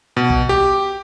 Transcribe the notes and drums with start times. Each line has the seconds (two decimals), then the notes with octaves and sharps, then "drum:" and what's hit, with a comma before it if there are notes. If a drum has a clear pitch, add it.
0.17 B2
0.30 drum: kick A#1
0.49 G4